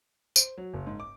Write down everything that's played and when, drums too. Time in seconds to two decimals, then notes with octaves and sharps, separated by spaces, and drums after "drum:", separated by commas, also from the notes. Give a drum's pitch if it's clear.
0.36 C5, drum: tambourine
0.57 F#3
0.74 F#1
0.87 G#2
1.00 D6